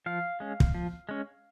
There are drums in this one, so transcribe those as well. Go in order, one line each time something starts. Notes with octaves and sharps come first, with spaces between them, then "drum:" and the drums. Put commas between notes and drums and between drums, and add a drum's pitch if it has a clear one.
F3 F5
G#3 C#4
drum: kick
F3
G#3 C#4